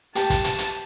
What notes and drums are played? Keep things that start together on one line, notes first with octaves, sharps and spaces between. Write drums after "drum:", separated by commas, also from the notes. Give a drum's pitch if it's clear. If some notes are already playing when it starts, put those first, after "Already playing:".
G4 A5, drum: hi-hat
drum: kick, hi-hat
drum: hi-hat
drum: hi-hat